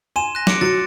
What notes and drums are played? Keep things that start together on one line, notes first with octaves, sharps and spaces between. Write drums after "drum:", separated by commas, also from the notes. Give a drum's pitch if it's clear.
G#5 C6 D#7 E7
F#6 A#6
D6 C#7 D7, drum: snare
F#3 A6 C#7